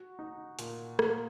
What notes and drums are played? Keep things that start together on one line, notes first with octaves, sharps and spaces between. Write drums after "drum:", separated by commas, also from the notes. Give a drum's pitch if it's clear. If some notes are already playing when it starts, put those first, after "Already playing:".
Already playing: F#4
D#4
A#2, drum: hi-hat
A#3, drum: rim click